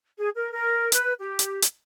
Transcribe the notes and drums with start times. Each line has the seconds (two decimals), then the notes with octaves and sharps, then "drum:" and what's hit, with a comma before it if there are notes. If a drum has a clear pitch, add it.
0.18 G#4
0.34 A#4
0.51 A#4
0.92 B4, drum: hi-hat
1.20 G4
1.39 drum: hi-hat
1.62 drum: hi-hat